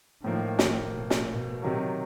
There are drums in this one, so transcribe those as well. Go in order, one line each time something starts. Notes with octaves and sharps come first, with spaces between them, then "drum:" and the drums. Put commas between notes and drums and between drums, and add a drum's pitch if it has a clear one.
A2 D#3 F3 A#3
drum: snare
B2
drum: snare
B2
C3 D#3 F#3